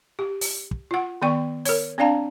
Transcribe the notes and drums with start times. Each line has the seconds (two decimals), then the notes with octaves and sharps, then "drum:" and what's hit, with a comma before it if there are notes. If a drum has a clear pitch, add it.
0.19 G4
0.41 drum: open hi-hat
0.71 drum: kick
0.91 F4 F#5
1.22 D#3 B3 D5 G5 C#6
1.65 A#4 C#5, drum: open hi-hat
1.98 C4 D4 D5 F5 A5 A#5